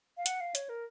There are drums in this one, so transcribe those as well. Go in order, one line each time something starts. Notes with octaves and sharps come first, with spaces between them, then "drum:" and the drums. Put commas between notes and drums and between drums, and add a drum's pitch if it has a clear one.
F5
F#5, drum: hi-hat
F5
C#5, drum: hi-hat
A#4